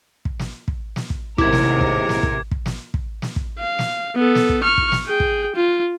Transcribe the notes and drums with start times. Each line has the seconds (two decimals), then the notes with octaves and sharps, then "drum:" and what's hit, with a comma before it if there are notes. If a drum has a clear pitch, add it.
0.25 drum: kick
0.39 drum: snare
0.68 drum: kick
0.96 drum: snare
1.10 drum: kick
1.38 A1 D#2 G#2 C3 E4 A#4 D6 G#6, drum: kick
1.53 drum: snare
1.81 drum: kick
2.09 drum: snare
2.23 drum: kick
2.51 drum: kick
2.66 drum: snare
2.94 drum: kick
3.22 drum: snare
3.36 drum: kick
3.59 F5
3.79 drum: snare
4.16 B3 A4
4.35 drum: snare
4.49 drum: kick
4.63 C#6 F6
4.78 drum: kick
4.92 drum: snare
5.07 G#4 G5
5.20 drum: kick
5.56 F4